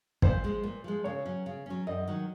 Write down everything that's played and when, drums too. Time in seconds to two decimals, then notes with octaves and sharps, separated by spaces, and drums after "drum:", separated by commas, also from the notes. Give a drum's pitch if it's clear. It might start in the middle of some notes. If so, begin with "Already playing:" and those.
0.22 A#2 C5, drum: kick
0.44 F3 G#3
0.63 A#2
0.84 F3 G#3
1.04 C#3 C#5
1.26 F#3 C#4
1.46 C#3
1.66 F#3 C#4
1.87 F#2 D#5
2.07 D#3 F#3